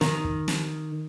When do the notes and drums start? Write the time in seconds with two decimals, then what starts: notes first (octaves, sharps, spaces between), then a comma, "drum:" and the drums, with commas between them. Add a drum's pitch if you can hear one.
0.01 D#3, drum: snare
0.24 drum: kick
0.48 drum: snare